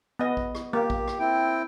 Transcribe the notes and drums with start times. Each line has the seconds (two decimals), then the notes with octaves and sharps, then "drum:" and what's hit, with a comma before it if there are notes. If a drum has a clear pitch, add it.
0.19 B3 D#5
0.37 drum: kick A1
0.55 drum: rim click
0.73 A#3 G4
0.90 drum: kick A1
1.08 drum: rim click
1.19 C4 E4 G5